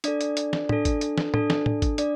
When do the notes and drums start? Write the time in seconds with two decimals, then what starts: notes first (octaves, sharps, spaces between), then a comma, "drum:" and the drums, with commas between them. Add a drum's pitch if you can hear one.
0.04 D4 A4 D5, drum: hi-hat
0.21 drum: hi-hat
0.37 drum: hi-hat
0.53 drum: snare
0.69 D4 A4, drum: tom
0.85 drum: kick G#1, hi-hat
1.01 drum: hi-hat
1.18 drum: snare
1.34 D4 A4, drum: tom
1.50 drum: snare
1.66 drum: tom A2
1.82 drum: kick G#1, hi-hat
1.98 D4 D5, drum: hi-hat